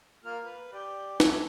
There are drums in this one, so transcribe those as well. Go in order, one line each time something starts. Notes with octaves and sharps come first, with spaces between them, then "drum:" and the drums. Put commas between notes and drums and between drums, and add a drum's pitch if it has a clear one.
A#3 F4 F6
B4
G4 D5 G5
D3 C#4 E4, drum: snare